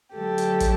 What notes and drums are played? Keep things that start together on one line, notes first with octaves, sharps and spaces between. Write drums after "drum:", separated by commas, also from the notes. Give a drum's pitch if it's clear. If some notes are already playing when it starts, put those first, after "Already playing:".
D3 F#3 A3 G4 A4
drum: hi-hat
drum: kick, hi-hat